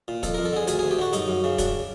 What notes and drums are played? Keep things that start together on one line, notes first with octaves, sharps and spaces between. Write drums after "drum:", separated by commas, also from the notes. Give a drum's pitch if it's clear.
A#2
F2 A4, drum: kick, hi-hat
F2 A#4
A4
D3 G#4
D2 G#4, drum: hi-hat
D2 G#4
G4
D3 F#4
F#2 D#4, drum: hi-hat
F#2
C#3
F#2 D4, drum: kick, hi-hat